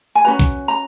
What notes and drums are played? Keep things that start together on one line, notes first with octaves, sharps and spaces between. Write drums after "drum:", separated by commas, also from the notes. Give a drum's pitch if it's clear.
G#5
C#4 F#4 B4 A#5
drum: kick
A#5